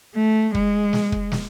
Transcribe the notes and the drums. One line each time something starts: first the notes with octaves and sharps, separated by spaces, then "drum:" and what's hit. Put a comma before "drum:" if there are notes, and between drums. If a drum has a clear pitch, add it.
A3
G#3, drum: kick
drum: snare
drum: kick
drum: snare